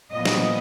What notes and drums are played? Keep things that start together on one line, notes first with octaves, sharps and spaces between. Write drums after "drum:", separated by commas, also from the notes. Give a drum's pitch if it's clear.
A#2 F3 B3 D#5
drum: snare